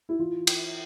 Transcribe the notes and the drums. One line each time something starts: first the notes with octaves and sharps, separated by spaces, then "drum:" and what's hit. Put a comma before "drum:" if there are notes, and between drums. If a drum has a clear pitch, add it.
E4
E3 F4
drum: cymbal